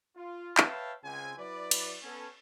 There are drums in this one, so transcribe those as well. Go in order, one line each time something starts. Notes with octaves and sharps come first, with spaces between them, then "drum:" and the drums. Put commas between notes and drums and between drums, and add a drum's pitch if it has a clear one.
F4
B4 C#5 E5 F5 G5 A5, drum: clap
C#2 C4 G#5
F#3 E4 B4 D5
drum: cymbal
B3 C#4 A4